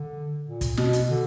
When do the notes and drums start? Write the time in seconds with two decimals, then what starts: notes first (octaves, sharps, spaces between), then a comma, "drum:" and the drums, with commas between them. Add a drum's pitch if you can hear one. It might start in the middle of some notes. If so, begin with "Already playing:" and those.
Already playing: D3
0.45 A#2
0.61 drum: kick, hi-hat
0.77 B2, drum: snare
0.93 drum: hi-hat
1.10 D3